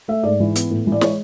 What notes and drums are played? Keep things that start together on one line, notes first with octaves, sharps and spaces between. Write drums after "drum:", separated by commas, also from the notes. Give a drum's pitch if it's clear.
A3 E5
G#2 D5
E3
B3, drum: hi-hat
A2
E3
D5
G#3 C#5, drum: snare